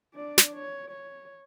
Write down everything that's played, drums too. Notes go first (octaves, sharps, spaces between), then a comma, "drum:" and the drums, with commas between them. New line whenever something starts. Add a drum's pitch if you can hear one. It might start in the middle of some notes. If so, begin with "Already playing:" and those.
D4 D5
drum: snare
C#5
C#5